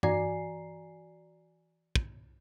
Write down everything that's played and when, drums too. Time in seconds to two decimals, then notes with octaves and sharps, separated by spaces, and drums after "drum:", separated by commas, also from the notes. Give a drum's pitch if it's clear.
0.03 E3 F#4 D5 G#5 A#5 C7, drum: tom G2
1.96 drum: kick